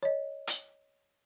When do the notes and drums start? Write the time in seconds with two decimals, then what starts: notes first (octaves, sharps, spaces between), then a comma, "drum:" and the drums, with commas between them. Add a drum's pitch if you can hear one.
0.03 C#5 D#5
0.47 drum: hi-hat